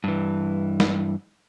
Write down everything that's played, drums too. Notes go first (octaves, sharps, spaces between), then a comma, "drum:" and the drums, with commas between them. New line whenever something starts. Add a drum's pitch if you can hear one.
G2 E3
drum: snare